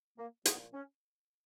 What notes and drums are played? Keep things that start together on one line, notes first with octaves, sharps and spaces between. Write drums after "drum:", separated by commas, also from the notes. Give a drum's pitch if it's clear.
A#3
A#2 F3 B3, drum: hi-hat
C#4